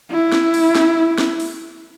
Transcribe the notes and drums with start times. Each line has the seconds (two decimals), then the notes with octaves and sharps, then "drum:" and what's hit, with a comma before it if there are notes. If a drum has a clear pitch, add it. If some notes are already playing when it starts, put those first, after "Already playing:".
0.11 E4
0.32 drum: snare
0.54 drum: open hi-hat
0.75 drum: snare
1.18 drum: snare
1.40 drum: open hi-hat